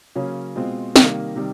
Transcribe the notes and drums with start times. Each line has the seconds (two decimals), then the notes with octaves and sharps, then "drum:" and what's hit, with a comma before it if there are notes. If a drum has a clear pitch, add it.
0.15 C#3 F#3 A#3 C#4
0.56 B2 G#3 C4 F4
0.96 C3 D#3 G3 A#3, drum: snare
1.36 C3 D#3 G3